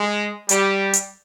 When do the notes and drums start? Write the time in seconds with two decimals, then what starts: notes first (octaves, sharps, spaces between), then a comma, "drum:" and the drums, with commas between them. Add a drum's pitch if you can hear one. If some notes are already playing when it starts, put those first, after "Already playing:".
Already playing: G#3
0.49 G3, drum: hi-hat
0.93 drum: hi-hat